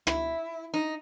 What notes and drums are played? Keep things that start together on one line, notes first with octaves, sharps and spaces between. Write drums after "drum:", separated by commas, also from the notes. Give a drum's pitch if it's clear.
E4, drum: rim click
D#4